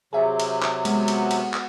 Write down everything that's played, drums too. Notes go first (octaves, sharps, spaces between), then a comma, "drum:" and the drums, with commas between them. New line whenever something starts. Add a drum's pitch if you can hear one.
C3 F#3 G#4 E5
drum: cymbal
drum: clap
G#3 B3 F#4, drum: cymbal
drum: cymbal
drum: cymbal
drum: clap